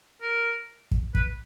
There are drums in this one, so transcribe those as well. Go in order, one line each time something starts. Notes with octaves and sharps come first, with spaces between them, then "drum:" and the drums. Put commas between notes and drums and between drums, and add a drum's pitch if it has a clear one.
A#4
drum: kick
B4, drum: kick